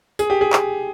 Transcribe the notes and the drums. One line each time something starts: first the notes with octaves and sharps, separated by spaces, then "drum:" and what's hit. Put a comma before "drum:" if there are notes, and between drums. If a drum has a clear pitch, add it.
G#4, drum: tambourine
G4
G#4
drum: clap